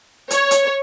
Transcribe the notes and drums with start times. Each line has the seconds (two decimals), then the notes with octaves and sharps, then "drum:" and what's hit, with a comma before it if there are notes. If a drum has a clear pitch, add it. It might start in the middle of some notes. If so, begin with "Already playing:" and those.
0.31 C#5, drum: hi-hat
0.51 drum: hi-hat